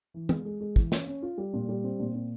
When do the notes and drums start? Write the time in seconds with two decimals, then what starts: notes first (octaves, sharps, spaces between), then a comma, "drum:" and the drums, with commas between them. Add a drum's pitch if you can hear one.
0.14 E3
0.29 G#3, drum: tom E3
0.45 G#3
0.61 G#3
0.76 E3, drum: kick
0.92 C#4, drum: snare
1.07 C#4
1.23 F4
1.38 G3
1.53 A#2
1.69 G3
1.84 C4
2.00 A#2
2.15 C4